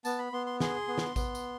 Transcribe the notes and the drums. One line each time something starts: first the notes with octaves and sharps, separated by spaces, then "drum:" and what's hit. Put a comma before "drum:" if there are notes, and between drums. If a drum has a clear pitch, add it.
B3 A5, drum: tambourine
B5
B3 C6
C6
G#4 C6, drum: snare
B3
drum: snare
B3, drum: kick A1, tambourine
drum: tambourine